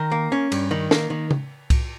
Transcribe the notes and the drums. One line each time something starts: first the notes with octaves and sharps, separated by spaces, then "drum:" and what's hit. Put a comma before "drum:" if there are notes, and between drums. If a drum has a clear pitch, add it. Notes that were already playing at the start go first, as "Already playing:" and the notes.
Already playing: D#3 A#4
A#3
C#4
G2, drum: cymbal
D#3
A#3, drum: snare
D#3
drum: tom C#3
drum: kick C2, cymbal